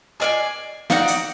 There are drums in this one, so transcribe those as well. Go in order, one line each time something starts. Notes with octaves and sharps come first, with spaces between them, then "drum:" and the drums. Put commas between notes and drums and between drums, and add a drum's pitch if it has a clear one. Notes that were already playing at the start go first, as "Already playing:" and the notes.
G#4 D5 D#5 F5 G#5
D#4 F#4 D5 F5 F#5, drum: snare
drum: hi-hat